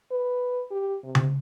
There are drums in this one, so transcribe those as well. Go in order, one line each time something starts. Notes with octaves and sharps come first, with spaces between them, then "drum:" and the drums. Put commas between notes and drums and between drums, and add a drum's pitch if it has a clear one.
B4
G4
C3
drum: tom C#3